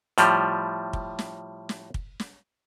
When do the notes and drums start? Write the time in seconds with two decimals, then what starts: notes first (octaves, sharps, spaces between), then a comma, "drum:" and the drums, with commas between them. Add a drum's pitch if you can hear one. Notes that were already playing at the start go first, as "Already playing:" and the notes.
0.18 A2 F3 G3, drum: hi-hat
0.93 drum: kick
1.19 drum: snare
1.69 drum: snare
1.94 drum: kick
2.20 drum: snare